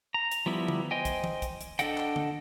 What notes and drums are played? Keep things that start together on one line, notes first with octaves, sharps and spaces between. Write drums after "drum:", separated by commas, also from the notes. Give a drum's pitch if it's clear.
A#5
drum: hi-hat
F3 G3 B3 E4
drum: tom
C5 D#5 G5 G#5
drum: kick, hi-hat
drum: tom E3
drum: kick, hi-hat
drum: hi-hat
D4 A4 D#5 F#5 G5, drum: hi-hat
drum: clap
drum: tom